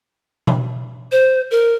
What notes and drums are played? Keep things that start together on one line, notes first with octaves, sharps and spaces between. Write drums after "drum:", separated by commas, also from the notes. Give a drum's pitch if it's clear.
drum: tom B2
C5
A#4